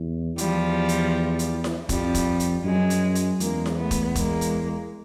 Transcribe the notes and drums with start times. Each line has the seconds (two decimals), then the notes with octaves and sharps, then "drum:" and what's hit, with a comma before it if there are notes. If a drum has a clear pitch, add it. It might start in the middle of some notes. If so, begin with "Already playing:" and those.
Already playing: E2
0.38 E2 F3 G3, drum: hi-hat
0.89 drum: hi-hat
1.39 drum: hi-hat
1.64 drum: snare E4
1.89 F2 F3 G3, drum: kick, hi-hat
2.15 drum: kick, hi-hat
2.40 drum: hi-hat
2.65 F#2 F#3 G#3
2.90 drum: hi-hat
3.15 drum: hi-hat
3.40 E2 G#3 A#3, drum: hi-hat
3.66 drum: snare E4
3.78 A3 B3
3.91 drum: kick, hi-hat
4.15 G#3 A#3, drum: kick, hi-hat
4.41 drum: hi-hat